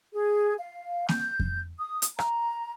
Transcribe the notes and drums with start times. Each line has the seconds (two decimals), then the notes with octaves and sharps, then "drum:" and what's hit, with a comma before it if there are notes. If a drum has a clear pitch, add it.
0.14 G#4
0.59 F5
1.09 G6, drum: snare A#3
1.40 drum: kick F2
1.78 D#6
2.02 drum: hi-hat
2.19 A#5, drum: rim click